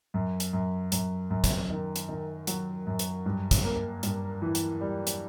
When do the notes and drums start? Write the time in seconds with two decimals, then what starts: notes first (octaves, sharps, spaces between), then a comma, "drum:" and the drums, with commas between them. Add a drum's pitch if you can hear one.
0.14 F#2
0.40 drum: hi-hat
0.53 F#2
0.92 F#2, drum: hi-hat
1.30 F#2
1.44 drum: kick, hi-hat
1.70 D#3
1.96 drum: hi-hat
2.09 D#3
2.47 F#3, drum: hi-hat
2.87 F#2
2.99 drum: hi-hat
3.26 G2
3.51 drum: kick, hi-hat
3.64 A#3
4.03 G2, drum: hi-hat
4.42 E3
4.55 drum: hi-hat
4.81 G3
5.07 drum: hi-hat